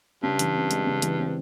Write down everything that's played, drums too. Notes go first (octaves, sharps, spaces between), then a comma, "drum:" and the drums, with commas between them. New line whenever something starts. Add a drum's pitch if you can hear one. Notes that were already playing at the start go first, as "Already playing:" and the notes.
G2 C#3
E3, drum: hi-hat
C4
G#3, drum: hi-hat
C#3
E3, drum: hi-hat
C4